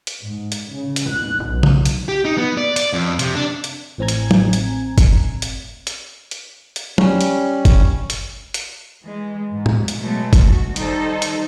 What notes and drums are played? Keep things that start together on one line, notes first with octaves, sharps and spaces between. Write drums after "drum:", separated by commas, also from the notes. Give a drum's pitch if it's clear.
drum: hi-hat
G#2
drum: hi-hat
C#3
drum: hi-hat
F#6
B1
drum: tom C#3
drum: hi-hat
G4
D#4
B3
D5
D5, drum: hi-hat
F2
C3, drum: hi-hat
D4
drum: hi-hat
A1 A2 C4 G#5 A#5 G#6
drum: hi-hat
drum: tom
drum: hi-hat
drum: kick G1, hi-hat
drum: hi-hat
drum: hi-hat
drum: hi-hat
drum: hi-hat
G3 C#4, drum: tom
drum: hi-hat
drum: kick G1, hi-hat
drum: hi-hat
drum: hi-hat
E3 G#3
G#2
drum: tom
drum: hi-hat
B2 F#3 G#3 A3 B3
drum: kick G1, hi-hat
F#4
D#3 G3 D#4 A4 C5, drum: hi-hat
drum: hi-hat